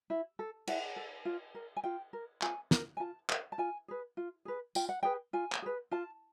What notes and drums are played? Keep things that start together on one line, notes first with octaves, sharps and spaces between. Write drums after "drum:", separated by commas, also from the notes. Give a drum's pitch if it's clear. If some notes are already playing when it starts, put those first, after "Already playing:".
E4
A4
E4 F#5, drum: cymbal
A4
F4
A#4
G#5
F4 G5
A#4
F4 G#5, drum: clap
A#4, drum: snare
G#5
F4 A5
A#4, drum: clap
A5
F4 G#5
G#4 B4
F4
G#4 B4
F4 G5, drum: tambourine
F#5
G#4 B4 G5
F4 G#5
drum: clap
G#4 B4
F4 A5